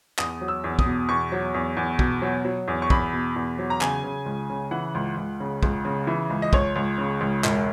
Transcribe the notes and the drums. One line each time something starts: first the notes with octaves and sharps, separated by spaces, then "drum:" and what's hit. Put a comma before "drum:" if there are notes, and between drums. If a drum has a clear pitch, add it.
E2 D#6, drum: clap
F#3
E6
E2
D#6, drum: kick
B2
E2 C#6
F#3
E2
E2
B2, drum: kick
F#3
F#3
E2
C#6
E2 B5, drum: kick
B2
E2
F#3
A#5
C#3 G#5, drum: clap
C#3
C#2
C#3
E3 F#5
C#2
C#2
C#3
C#2, drum: kick
C#3
E3
C#2
D#5
C#2 C#5, drum: kick
C#2
C#3
C#2
E1, drum: clap